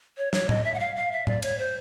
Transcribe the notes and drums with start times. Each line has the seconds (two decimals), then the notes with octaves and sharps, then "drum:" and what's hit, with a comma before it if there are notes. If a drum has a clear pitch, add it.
0.17 C#5
0.33 C#5, drum: snare
0.49 D#5, drum: tom A2
0.64 E5
0.74 F#5
0.79 F5
0.96 F5
1.12 E5
1.27 D5, drum: tom A2
1.42 C#5, drum: cymbal
1.58 C5